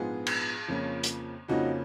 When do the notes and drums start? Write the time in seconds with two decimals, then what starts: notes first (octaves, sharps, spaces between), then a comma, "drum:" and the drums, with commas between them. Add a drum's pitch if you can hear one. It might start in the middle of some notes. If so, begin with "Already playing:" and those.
Already playing: A#1 G#2 F3 G#3 B3 F4 G#4
0.27 drum: cymbal
0.68 F2 C#3 F3 A#3 C#4
1.03 drum: hi-hat
1.48 F2 C#3 F3 A#3 C#4 D#4 F#4